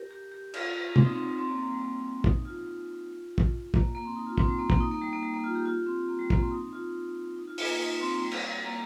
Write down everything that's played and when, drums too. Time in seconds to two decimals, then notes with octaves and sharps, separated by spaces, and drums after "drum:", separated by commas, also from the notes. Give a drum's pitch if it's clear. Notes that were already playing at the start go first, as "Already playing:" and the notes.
Already playing: G4 A#4
0.11 G4
0.32 G4
0.54 F4, drum: cymbal
0.96 C4, drum: tom
1.04 D#4
1.13 C4
1.39 C4
1.49 A#3
1.60 A#3
1.71 G3
1.81 A#3
2.24 D#4, drum: kick
2.45 F4
3.38 drum: kick
3.74 A#3, drum: kick
3.95 A#3
4.05 C4
4.16 D#4
4.27 F4
4.38 C4, drum: kick
4.48 G3
4.59 A#3
4.70 A#3, drum: kick
4.80 D#4
4.91 A#3
5.02 G3
5.13 A#3
5.23 G3
5.34 A#3
5.44 F4
5.55 G4
5.66 F4
5.86 C4
6.08 A#3
6.19 G3
6.30 A#3, drum: kick
6.40 C4
6.51 D#4
6.73 F4
7.36 D#4
7.47 F4
7.58 F4, drum: open hi-hat
7.69 A#3
7.79 D#4
7.90 D#4
8.01 C4
8.12 A#3
8.22 G3
8.31 drum: cymbal
8.65 A#3